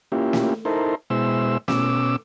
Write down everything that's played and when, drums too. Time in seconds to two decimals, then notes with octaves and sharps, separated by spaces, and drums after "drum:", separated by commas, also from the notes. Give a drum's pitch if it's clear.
0.12 A#3 C#4 E4 F4 G4
0.33 drum: snare
0.65 D#4 E4 A4 A#4 C5
1.10 B2 G#3 E4 C5 E6
1.68 B2 C#4 D6 E6, drum: snare